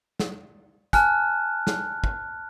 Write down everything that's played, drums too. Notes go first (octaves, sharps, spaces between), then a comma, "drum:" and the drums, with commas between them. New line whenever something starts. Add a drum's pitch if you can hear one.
drum: snare
G#5 A5 F6 F#6, drum: kick, hi-hat
drum: snare
drum: kick